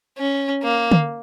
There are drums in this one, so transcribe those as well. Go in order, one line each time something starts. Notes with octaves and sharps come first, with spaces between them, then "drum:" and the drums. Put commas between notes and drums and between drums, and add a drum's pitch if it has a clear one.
C#4
A#3
drum: tom D3